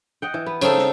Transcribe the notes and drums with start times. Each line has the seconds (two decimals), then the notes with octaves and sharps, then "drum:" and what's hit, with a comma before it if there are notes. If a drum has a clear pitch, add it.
0.22 D#5 F#5 G5
0.34 E3
0.46 B3
0.61 C#3 C4 D#4 A4, drum: cymbal
0.78 drum: snare